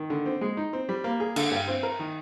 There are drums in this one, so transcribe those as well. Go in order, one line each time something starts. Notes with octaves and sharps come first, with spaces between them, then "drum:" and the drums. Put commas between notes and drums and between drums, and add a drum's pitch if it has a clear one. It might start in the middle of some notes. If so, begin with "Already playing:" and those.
Already playing: D#3
D3
C4
G#3
D#4
C4
G3
A#3
G#4
D3, drum: cymbal
G2
C4
A#4
D#3